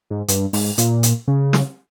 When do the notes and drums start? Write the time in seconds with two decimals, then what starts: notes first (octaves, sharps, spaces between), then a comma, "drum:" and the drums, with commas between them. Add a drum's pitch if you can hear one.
0.10 G#2
0.28 G2, drum: hi-hat
0.53 G#2, drum: open hi-hat
0.78 A#2, drum: hi-hat
1.03 drum: hi-hat
1.28 C#3
1.53 drum: snare